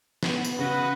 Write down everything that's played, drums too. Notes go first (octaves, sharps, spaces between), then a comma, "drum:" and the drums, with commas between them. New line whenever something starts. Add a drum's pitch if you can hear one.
B3, drum: snare
drum: tambourine
C#3 F#4 B4 D#5